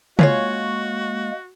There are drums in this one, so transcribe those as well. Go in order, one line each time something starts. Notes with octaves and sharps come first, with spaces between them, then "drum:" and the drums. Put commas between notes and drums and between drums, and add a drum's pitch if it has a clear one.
G#3 A#3 C#4 F4 F#4 C#5, drum: tom